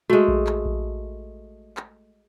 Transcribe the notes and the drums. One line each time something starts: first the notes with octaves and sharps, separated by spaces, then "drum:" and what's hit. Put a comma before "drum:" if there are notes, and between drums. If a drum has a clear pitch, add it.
G#3 A3 F#4
drum: kick A#1
drum: clap
drum: kick A#1
drum: clap